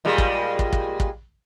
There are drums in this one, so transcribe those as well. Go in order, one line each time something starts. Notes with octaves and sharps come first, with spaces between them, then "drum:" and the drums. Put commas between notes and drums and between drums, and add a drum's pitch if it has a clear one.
A#2 G3 G#3
drum: kick
drum: kick
drum: kick
drum: kick